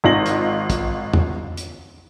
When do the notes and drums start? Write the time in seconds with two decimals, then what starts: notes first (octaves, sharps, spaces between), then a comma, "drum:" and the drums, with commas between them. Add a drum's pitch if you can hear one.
0.04 G#1 D#4 F4 A#6 F#7
0.26 drum: hi-hat
0.70 drum: kick, hi-hat
1.14 drum: tom
1.57 drum: hi-hat